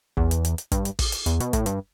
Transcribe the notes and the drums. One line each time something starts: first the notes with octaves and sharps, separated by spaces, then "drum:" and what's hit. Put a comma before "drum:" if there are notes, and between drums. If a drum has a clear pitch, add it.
E2, drum: kick
drum: hi-hat
drum: hi-hat
drum: hi-hat
G2, drum: kick, hi-hat
drum: hi-hat
drum: kick, open hi-hat
drum: hi-hat
E2, drum: hi-hat
B2, drum: hi-hat
A2, drum: kick, hi-hat
G2, drum: hi-hat